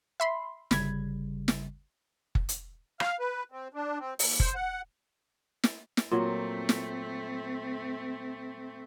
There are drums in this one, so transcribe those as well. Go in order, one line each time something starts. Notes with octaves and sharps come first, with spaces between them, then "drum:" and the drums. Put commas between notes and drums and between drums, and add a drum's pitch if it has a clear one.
E5 B5 C6
G1 C#3 G3 B5 G#6, drum: snare
drum: snare
drum: kick F#1
drum: hi-hat
F5, drum: rim click
B4
C4
D4
C4
D#2, drum: open hi-hat
C5, drum: kick F#1
F#5
drum: snare
drum: snare
A#2 F#3 A3 C4
drum: snare